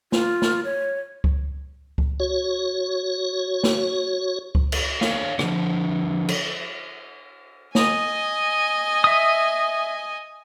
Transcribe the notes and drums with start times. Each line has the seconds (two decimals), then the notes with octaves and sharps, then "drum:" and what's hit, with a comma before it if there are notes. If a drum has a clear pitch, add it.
0.12 F4, drum: snare
0.42 drum: snare
0.65 C#5
1.24 drum: kick C#2
1.98 drum: kick C#2
2.20 F#4 C#5
3.64 drum: snare
4.55 drum: kick C#2
4.72 drum: cymbal
5.01 A4 A#4 C#5 F5, drum: snare
5.39 D3 F3, drum: rim click
6.29 drum: cymbal
7.75 D#5 G#5, drum: snare
9.04 E5 D#6